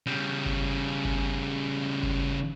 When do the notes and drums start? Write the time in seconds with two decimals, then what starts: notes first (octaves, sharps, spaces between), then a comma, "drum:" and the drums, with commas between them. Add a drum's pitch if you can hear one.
0.07 C#3 G3
0.46 drum: kick G1
1.05 drum: kick G1
2.03 drum: kick G1